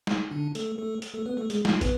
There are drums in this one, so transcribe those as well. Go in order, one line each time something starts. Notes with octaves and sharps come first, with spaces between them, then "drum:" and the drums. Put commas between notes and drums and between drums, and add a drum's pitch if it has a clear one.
drum: snare
D3 D4
A3 A4, drum: hi-hat
A3 A4
drum: hi-hat
A3 A4
B3 B4
A3 A4
G#3 G#4, drum: hi-hat
F3 F4, drum: snare
B3 B4, drum: kick, hi-hat